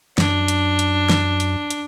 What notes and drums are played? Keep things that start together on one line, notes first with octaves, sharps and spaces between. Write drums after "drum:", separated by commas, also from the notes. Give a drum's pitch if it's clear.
F#2 D4, drum: snare
drum: hi-hat
drum: hi-hat
drum: snare
drum: hi-hat
drum: hi-hat